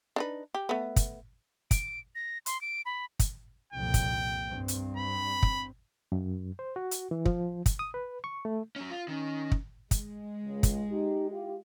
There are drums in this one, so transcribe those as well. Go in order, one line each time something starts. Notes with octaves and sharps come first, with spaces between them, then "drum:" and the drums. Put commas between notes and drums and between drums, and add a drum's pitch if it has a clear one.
D4 D#4 B4
G4
A3 B3
drum: kick, hi-hat
D7, drum: kick, hi-hat
A#6
C6, drum: hi-hat
D7
B5
drum: kick, hi-hat
C2 F2 A#2 G5
drum: kick, hi-hat
G2 C4
drum: hi-hat
B5
drum: kick
F#2
C5
F#4
drum: hi-hat
E3
F3, drum: kick
drum: kick, hi-hat
D#6
B4
C#6
A3
F#3 C#4
F4
D#3 C#4
drum: kick
G#3, drum: kick, hi-hat
C#2
drum: kick, hi-hat
D#4 G4
E4 F4 G4